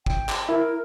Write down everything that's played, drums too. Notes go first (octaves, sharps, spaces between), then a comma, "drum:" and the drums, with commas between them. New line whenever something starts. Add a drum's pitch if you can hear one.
G5, drum: kick
drum: clap
E4 A#4